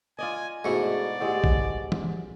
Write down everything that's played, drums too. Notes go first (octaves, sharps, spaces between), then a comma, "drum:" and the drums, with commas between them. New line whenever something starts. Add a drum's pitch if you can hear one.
F4 D5 D#5 G#5
G#2 B2 A3 E4 F#4 G#4 D5 C#7
A2 G#3 G4 A4 F#5
drum: kick A#1
drum: tom